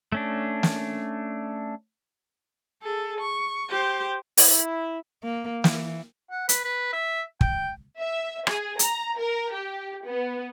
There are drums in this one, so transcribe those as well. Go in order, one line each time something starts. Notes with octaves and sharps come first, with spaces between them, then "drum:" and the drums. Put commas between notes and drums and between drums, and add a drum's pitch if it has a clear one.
A3 C#4 D4
drum: snare
G#4 A4
C#6
G4 C5
E4, drum: open hi-hat
A#3
E3, drum: snare
F#5
B4, drum: hi-hat
B4
E5
G5, drum: kick
E5
G#4, drum: rim click
A#5, drum: hi-hat
A#4
G4
B3